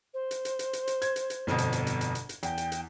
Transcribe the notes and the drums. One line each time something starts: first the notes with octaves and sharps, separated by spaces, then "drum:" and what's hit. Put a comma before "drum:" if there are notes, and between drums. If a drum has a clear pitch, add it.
C5
drum: hi-hat
drum: hi-hat
drum: hi-hat
drum: hi-hat
drum: hi-hat
G#6, drum: hi-hat
drum: hi-hat
drum: hi-hat
G1 F2 B2, drum: snare
drum: hi-hat
drum: hi-hat
drum: hi-hat
drum: hi-hat
drum: hi-hat
drum: hi-hat
E2 G5, drum: hi-hat
drum: hi-hat
drum: hi-hat